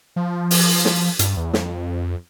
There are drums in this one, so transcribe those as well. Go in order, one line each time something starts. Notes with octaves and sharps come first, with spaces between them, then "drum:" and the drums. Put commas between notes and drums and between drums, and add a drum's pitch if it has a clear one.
F3
drum: open hi-hat
drum: snare
G2, drum: hi-hat
E2
F2, drum: snare